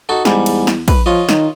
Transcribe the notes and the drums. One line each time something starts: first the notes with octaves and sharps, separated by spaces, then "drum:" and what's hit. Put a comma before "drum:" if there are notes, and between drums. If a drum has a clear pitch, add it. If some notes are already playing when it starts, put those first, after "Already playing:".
D#4 F#4 A4
E2 G#2 G3, drum: snare
drum: cymbal
drum: snare
B4, drum: kick, cymbal
F3 F4 C#5 D#5
D#3, drum: snare